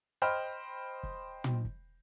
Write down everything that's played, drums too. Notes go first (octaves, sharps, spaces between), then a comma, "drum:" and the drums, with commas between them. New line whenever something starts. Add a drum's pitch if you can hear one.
C5 D#5 G5 B5 F6
drum: kick
drum: tom
drum: kick